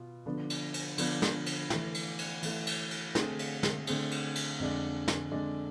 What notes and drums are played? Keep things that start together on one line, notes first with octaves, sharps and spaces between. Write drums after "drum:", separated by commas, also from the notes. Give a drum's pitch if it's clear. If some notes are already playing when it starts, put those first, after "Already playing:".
Already playing: B2 B3 F4
D3 F3 B3 D4
drum: cymbal
drum: cymbal
D3 F3 B3 D4, drum: cymbal
drum: snare
drum: cymbal
E3 A3 E4, drum: snare
drum: cymbal
drum: cymbal
E3 A3 E4, drum: cymbal
drum: cymbal
drum: cymbal
D3 A3 C4 G#4, drum: snare
drum: cymbal
drum: snare
D3 A3 C4 G#4, drum: cymbal
drum: cymbal
drum: cymbal
F2 D3 G#3 D4
drum: snare
F2 D3 G#3 D4